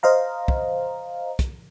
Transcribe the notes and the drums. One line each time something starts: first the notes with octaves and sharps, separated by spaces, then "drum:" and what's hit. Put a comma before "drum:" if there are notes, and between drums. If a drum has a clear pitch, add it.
C5 D#5 F5 A#5
drum: kick
drum: kick, hi-hat